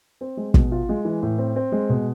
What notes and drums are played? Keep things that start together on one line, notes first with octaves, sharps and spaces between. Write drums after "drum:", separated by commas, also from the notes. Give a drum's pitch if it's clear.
C4
G#3
B2, drum: kick
F4
G#3
E3
A2
C4
C4
G#3
B2